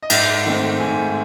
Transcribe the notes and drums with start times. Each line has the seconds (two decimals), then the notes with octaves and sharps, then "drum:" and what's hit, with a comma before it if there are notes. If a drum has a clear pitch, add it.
0.03 D#5
0.10 G#2 E5, drum: cymbal
0.45 D#3 A3 C4
0.80 G#2 G#5